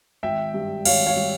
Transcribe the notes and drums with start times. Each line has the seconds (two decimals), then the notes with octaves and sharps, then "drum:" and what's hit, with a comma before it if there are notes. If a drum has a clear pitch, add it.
0.23 G#1 E5 G5
0.54 G2
0.85 G#1 C#5 F5, drum: cymbal
1.06 C#5 F5
1.17 G3